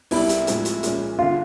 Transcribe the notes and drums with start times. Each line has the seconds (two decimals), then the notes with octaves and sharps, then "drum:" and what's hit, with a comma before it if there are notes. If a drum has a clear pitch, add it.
0.11 C2 B2 G3 E4, drum: open hi-hat
0.29 drum: hi-hat
0.47 A2 F3 G#3 C4, drum: hi-hat
0.65 drum: hi-hat
0.83 A#2 F3 G#3 C#4, drum: hi-hat
1.19 G1 D3 F4